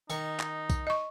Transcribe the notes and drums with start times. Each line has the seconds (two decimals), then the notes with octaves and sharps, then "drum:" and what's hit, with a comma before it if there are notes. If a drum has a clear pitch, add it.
0.10 D#3 D#4 C#6, drum: tambourine
0.40 drum: clap
0.70 drum: kick, tambourine
0.87 D#5 C#6